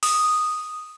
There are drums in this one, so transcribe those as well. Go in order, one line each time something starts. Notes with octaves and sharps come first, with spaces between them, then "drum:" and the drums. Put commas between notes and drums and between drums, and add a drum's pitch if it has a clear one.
D#6, drum: open hi-hat